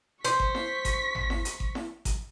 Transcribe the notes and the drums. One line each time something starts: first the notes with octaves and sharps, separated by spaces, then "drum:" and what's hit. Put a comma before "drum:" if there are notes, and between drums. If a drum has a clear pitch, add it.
C5 C#6 B6, drum: hi-hat
drum: kick G#1
drum: snare E4
drum: kick G#1, hi-hat
drum: tom G#1
drum: snare E4
drum: hi-hat
drum: kick G#1
drum: snare E4
drum: kick G#1, hi-hat